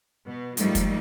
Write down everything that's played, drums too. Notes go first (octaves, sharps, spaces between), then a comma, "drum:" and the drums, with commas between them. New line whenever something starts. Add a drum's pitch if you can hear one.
B2
G#2 F3 G3 A3 A#3 D#4, drum: hi-hat
drum: kick, hi-hat